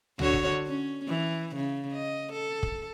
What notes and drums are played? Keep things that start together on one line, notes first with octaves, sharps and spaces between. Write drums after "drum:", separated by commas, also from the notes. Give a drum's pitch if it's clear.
D3 F#4 C#5, drum: tom C#2
drum: kick
C#4
E3
C#3
D#5
A4
drum: kick